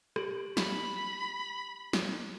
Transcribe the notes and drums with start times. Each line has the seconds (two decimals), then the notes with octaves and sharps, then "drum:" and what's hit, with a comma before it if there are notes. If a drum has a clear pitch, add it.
0.16 G4 D7 F#7, drum: rim click
0.57 B5, drum: snare
1.93 drum: snare